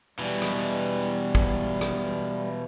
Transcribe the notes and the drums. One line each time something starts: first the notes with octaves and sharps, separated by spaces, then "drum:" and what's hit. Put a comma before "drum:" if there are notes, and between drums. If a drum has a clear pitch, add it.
B2 E3 G3
drum: rim click
drum: kick
drum: rim click